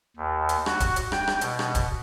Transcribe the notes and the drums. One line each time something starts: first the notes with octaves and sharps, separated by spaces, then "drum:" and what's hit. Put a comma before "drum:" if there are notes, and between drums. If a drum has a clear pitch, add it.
D#2
drum: hi-hat
F#4, drum: rim click
drum: kick, hi-hat
drum: hi-hat
G5, drum: rim click
drum: rim click
B2, drum: hi-hat
drum: rim click
drum: kick, hi-hat